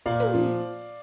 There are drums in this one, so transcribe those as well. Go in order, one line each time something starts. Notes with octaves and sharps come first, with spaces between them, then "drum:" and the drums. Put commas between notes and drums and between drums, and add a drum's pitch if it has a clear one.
A#2 D5 F5
drum: tom
F3